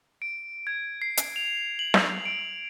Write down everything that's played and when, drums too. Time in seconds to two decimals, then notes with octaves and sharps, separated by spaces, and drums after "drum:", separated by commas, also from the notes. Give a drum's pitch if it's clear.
0.22 D7
0.67 G#6
1.02 C7
1.17 drum: hi-hat
1.36 F7
1.79 F#7
1.94 drum: snare
2.25 D7